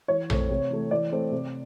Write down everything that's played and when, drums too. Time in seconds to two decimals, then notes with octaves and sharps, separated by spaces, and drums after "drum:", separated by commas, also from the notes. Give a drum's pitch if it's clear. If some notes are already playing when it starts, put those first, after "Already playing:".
0.08 E3 C#5
0.30 A3 C4, drum: tom A#1
0.50 C3
0.70 E3 A3
0.91 E3 D5
1.12 A3 C4
1.32 C3